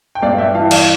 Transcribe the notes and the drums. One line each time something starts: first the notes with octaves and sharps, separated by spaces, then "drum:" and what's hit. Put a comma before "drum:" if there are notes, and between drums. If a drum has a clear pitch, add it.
G5
G2 D5 F5
E5 G5
E3 F5 A5
D5 F5, drum: cymbal